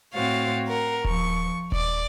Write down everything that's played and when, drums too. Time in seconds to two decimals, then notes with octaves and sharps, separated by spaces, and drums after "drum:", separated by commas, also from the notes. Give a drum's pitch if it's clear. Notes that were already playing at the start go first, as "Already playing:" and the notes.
0.14 A2 C4 F#4 C#5 F5 A6
0.68 A#4 F#5
1.05 F3 C#6, drum: kick D#1
1.72 D5 D6, drum: kick D#1